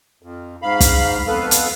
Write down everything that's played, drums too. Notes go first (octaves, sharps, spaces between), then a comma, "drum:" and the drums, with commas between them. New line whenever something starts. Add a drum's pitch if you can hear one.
F2
G#2 F5 B5
drum: kick, hi-hat
F2 B3 A4 B4 F5
drum: hi-hat